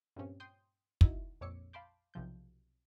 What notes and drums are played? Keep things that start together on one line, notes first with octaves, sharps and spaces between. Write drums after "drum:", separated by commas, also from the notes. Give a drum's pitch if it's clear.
G2 A#2 F3 C4 C#4 G4
G5 C6 D#6 G6
D#4 E4 F#4, drum: kick
A#1 F2 C#5 D6 E6 C#7
F5 A5 B5 C6 D6 G6
B1 C3 F3 G6